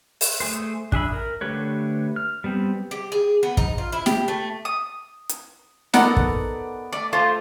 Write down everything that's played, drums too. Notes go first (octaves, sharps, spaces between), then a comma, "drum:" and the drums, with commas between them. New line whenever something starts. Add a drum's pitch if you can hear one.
drum: open hi-hat
A3 G#4 C5
D4 G#4 E5 B5, drum: kick
A#4
D3 A3 G4 B4 C#5
F6
G3 B3 C4
G4
G#4
B3
D#4, drum: kick
F4
E4
G4, drum: snare
A3
D#6
drum: hi-hat
B3 D#4 A4 A#4 D5 F#5, drum: snare
drum: kick
A3 D5
A3 F4 C5 A5